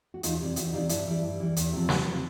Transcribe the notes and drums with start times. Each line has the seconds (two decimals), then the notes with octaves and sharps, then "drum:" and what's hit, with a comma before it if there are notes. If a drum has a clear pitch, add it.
0.14 F#4
0.23 E2 D#4 F4, drum: hi-hat
0.40 C3 E3 G3
0.56 E2 E4 F#4, drum: hi-hat
0.73 C3 E3 G3 D#4 F4
0.89 G2 D4 E4, drum: hi-hat
1.07 E3 G3
1.23 G2
1.40 E3 G3
1.56 E2, drum: hi-hat
1.73 C3 F3
1.89 E2, drum: snare
2.06 C3 F3